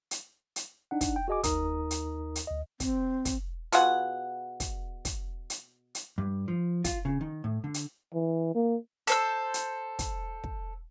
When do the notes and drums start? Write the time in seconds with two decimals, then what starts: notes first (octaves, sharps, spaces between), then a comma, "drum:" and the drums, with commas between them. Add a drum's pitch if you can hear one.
0.11 drum: hi-hat
0.56 drum: hi-hat
0.91 D4 D#4 F#5
1.01 drum: kick, hi-hat
1.16 G5
1.28 F#4 G#4 D#5 G#5 D6
1.44 D#2 D#4 A#4 A#5 D#6, drum: kick, hi-hat
1.91 drum: hi-hat
2.35 drum: hi-hat
2.47 D2 D#5
2.80 C4, drum: kick, hi-hat
3.25 drum: kick, hi-hat
3.72 B2 F4 G#4 F#5, drum: hi-hat
4.60 drum: kick, hi-hat
5.05 drum: kick, hi-hat
5.50 drum: hi-hat
5.95 drum: hi-hat
6.18 G2
6.48 F3
6.84 F4, drum: kick, hi-hat
7.05 C#3
7.21 D#3
7.44 A2
7.64 D3
7.74 drum: hi-hat
8.14 E3
8.55 A#3
9.07 A4 C5 E6, drum: hi-hat
9.54 drum: hi-hat
9.99 drum: kick, hi-hat
10.44 drum: kick